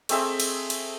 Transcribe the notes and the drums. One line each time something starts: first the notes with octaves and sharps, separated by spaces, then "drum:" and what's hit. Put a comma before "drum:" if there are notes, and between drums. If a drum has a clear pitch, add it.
A3 C4 G#4 E5, drum: cymbal
drum: cymbal
drum: cymbal